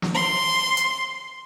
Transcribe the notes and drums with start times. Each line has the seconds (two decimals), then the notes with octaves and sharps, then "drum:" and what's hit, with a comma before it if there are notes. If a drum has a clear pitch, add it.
0.02 drum: snare
0.14 C6
0.77 drum: hi-hat